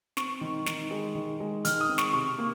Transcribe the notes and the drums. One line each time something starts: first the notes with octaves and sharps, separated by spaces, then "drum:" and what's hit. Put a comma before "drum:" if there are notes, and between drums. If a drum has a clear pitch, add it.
C4 C#6, drum: snare
D#3
D#3, drum: snare
G#3
D#3
G#3
D#3 F6, drum: hi-hat
D#6
C4
C#6, drum: snare
C3 C#6
A#3